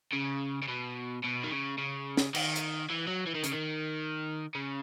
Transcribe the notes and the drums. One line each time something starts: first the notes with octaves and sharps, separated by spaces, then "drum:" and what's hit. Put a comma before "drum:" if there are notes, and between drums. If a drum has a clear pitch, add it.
C#3
C#3
B2
B2
D#3
C#3
C#3
drum: snare
D#3, drum: cymbal
drum: hi-hat
E3
F#3
E3
D#3
C#3, drum: hi-hat
D#3
C#3